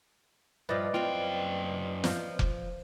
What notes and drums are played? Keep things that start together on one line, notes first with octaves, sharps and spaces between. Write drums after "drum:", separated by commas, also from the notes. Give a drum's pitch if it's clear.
G2 F3 B4 D5 D#5
F#2 C4 F4 G5
F3, drum: snare
drum: kick F1